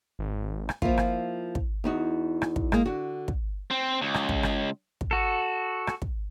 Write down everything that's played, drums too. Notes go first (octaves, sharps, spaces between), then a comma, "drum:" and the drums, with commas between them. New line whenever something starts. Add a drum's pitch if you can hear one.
G#1
drum: rim click
F3 A#3 E4 F4, drum: kick
drum: rim click
drum: kick
E2 D#4 F#4
drum: rim click
drum: kick
G#3 A#3, drum: rim click
D3 F#4
drum: kick
C4
C#2
drum: rim click
drum: kick
drum: rim click
drum: kick
F#4 A4
drum: rim click
drum: kick